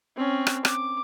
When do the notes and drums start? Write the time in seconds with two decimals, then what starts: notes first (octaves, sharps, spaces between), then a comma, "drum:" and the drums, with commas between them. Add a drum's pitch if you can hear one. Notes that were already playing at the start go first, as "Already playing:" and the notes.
0.16 C4 C#4
0.47 drum: rim click
0.65 D6, drum: rim click